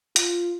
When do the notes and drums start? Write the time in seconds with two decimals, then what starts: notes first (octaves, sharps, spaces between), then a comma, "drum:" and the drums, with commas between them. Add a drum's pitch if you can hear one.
0.16 F4, drum: hi-hat